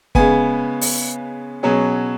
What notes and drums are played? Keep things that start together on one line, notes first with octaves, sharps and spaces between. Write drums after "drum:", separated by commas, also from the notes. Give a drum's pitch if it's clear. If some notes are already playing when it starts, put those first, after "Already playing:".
C#3 G#3 B3 G#5, drum: kick
drum: open hi-hat
B2 F#3 C#4 G#4